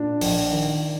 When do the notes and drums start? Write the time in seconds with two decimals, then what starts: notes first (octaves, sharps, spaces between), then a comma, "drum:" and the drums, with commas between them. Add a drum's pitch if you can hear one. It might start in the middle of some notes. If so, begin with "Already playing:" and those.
Already playing: A#2 D4 D5
0.21 A#1, drum: open hi-hat
0.51 D#3